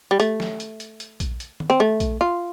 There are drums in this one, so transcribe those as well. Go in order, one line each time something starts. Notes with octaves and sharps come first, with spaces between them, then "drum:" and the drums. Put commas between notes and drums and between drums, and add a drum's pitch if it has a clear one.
G3
A3, drum: hi-hat
drum: snare
drum: hi-hat
drum: hi-hat
drum: hi-hat
drum: kick A#1, hi-hat
drum: hi-hat
drum: tom D#3
C4
A3
drum: kick A#1, hi-hat
F4